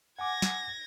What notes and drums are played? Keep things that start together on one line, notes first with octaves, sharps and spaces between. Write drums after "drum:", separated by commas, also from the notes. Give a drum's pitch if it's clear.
F#5 G#5 D6 G#6 A#6
drum: snare